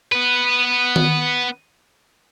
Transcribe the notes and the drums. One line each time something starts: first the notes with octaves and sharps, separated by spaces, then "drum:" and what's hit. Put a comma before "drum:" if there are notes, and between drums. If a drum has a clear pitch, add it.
B3 B4
drum: tom D#3